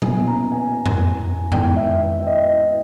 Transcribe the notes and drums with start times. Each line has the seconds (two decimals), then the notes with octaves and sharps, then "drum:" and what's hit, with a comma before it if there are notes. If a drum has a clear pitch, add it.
0.02 B2 A#3 C#4 E4 G#5, drum: tom A#2
0.27 A#5
0.52 G#5
0.86 drum: tom F2
1.52 D#3 G#3 B3 E4 G5, drum: tom F2
1.76 E5
2.20 E5
2.27 D#5